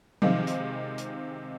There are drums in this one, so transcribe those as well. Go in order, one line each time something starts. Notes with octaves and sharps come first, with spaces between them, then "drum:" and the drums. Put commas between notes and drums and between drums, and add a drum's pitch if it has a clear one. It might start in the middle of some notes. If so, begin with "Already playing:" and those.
C3 D#3 G#3 C4 F4, drum: tom F3
drum: hi-hat
drum: hi-hat